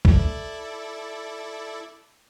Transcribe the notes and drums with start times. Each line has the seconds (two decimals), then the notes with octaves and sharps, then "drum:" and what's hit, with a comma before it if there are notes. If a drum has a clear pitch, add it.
0.05 E4 A4 D5, drum: kick B1